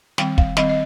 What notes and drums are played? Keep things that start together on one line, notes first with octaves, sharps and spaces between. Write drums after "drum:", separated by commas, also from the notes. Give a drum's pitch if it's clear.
D#3 G3 C4 G5, drum: snare
F5, drum: kick
D#3 G3 C4 D#5, drum: snare
D#5